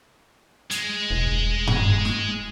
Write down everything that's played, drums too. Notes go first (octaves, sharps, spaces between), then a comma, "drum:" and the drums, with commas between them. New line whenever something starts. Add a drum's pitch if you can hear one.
G#3, drum: hi-hat
E1
drum: kick
drum: tom G2
drum: snare